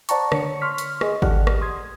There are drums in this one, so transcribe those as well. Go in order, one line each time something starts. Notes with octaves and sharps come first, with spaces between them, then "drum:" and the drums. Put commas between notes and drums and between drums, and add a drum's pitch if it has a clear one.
C5 D5 F#5 A5 A#5 C#6, drum: hi-hat
D3 C#5 C#7, drum: rim click
C6 C#6 F6 B6
drum: hi-hat
G#4 D#5, drum: rim click
G4 A4 D5 F#5 F6, drum: kick G#1
drum: rim click
C6 D#6 G#6